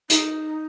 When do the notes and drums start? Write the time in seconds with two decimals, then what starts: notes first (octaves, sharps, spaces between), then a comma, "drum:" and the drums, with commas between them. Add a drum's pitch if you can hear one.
0.10 D#4, drum: hi-hat